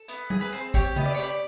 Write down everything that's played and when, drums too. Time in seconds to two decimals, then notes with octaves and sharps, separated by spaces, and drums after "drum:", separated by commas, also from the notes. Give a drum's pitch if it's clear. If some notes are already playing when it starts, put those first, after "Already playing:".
Already playing: A4
0.08 B3, drum: hi-hat
0.30 G#4, drum: tom G3
0.41 B4
0.53 C4 C5, drum: hi-hat
0.74 G4 C#5, drum: kick, hi-hat
0.96 B3 D#5, drum: tom C#3
1.06 D5
1.15 C#5
1.19 G4, drum: hi-hat
1.24 D5